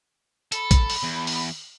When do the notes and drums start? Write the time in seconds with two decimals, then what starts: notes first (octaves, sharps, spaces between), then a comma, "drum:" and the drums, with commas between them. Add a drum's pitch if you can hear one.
0.52 A4 B5, drum: hi-hat
0.71 drum: kick A#1, hi-hat
0.90 drum: open hi-hat
1.04 E2
1.27 drum: open hi-hat